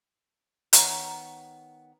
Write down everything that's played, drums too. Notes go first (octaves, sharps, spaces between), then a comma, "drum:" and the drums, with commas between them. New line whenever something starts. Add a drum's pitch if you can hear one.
D#3 B3 C#5 A#5, drum: hi-hat